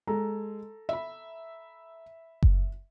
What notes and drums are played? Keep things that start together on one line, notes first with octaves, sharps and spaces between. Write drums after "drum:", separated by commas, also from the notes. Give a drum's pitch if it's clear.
G#3 A4 A#5
E5 B5
drum: kick F#1